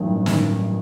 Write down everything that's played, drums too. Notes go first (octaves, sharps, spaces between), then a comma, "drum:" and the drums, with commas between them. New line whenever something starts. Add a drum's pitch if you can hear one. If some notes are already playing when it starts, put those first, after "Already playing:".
Already playing: A1 G2 D#3 F#3
drum: snare